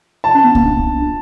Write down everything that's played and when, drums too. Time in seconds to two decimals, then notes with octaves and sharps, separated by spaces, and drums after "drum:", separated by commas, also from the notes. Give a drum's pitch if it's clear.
0.24 A5
0.34 C#4
0.44 B3
0.55 A#3, drum: kick C2
0.65 D4